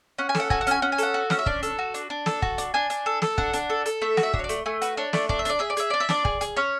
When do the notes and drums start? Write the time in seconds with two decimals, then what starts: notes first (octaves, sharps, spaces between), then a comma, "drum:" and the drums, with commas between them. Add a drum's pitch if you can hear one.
0.18 C#4 F#5
0.29 G#5
0.35 A4, drum: snare
0.40 F#5
0.50 F#4 G#5, drum: kick
0.61 F#5
0.67 C#4 G#5, drum: hi-hat
0.82 C#4 F#5
0.92 G#5
0.98 A4 F#5, drum: hi-hat
1.14 F#4
1.30 C#4 F#5, drum: snare
1.39 E5
1.46 D4 D5, drum: kick
1.63 A4, drum: hi-hat
1.79 F#4
1.94 D4, drum: hi-hat
2.10 D4
2.26 A4, drum: snare
2.42 F#4, drum: kick
2.58 D4, drum: hi-hat
2.74 D4 G#5
2.90 D4, drum: hi-hat
3.06 A4
3.22 A4, drum: snare
3.38 D4 F#5, drum: kick
3.53 D4, drum: hi-hat
3.70 A4
3.86 A4, drum: hi-hat
4.02 A3 E5
4.17 F#4, drum: snare
4.23 E5
4.34 D4, drum: kick
4.39 C#5
4.44 D5
4.49 A3, drum: hi-hat
4.66 A3 G#5
4.82 F#4 B4, drum: hi-hat
4.97 D4 C#5
5.13 A3 D5, drum: snare
5.29 D4 D5, drum: kick
5.39 E5
5.45 D4 D5, drum: hi-hat
5.60 G#4 E5
5.70 D5
5.77 G#4 E5, drum: hi-hat
5.90 D4 D5
6.00 E5
6.09 D4 D5, drum: snare
6.25 G#4, drum: kick
6.41 G#4, drum: hi-hat
6.56 C#4 C#5